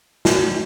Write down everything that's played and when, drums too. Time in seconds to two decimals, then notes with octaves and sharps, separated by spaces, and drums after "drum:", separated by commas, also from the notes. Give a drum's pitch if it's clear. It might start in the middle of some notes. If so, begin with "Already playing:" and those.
0.25 F#4, drum: snare